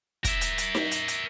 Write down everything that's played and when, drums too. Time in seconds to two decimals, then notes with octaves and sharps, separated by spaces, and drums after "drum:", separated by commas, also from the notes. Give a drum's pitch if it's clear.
0.24 A#4 E5, drum: kick, hi-hat
0.41 drum: hi-hat
0.58 drum: hi-hat
0.75 drum: snare D#4
0.91 drum: hi-hat
1.08 drum: hi-hat